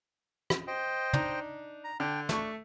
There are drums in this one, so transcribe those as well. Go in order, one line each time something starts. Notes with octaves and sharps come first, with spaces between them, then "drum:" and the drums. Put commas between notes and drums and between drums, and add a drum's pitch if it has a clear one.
drum: rim click
C5 D#5 G5
D4 D#4, drum: tom
A#5
D3 D4 G5
A3 D4 C#6, drum: snare